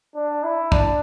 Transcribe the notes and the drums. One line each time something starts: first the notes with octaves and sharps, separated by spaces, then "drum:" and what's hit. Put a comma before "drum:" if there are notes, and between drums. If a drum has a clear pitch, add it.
D4
E4
D4, drum: kick